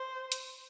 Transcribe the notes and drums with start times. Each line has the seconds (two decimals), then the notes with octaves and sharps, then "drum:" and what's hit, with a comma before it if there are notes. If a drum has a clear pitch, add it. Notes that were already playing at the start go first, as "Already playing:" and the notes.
Already playing: C5
0.32 drum: hi-hat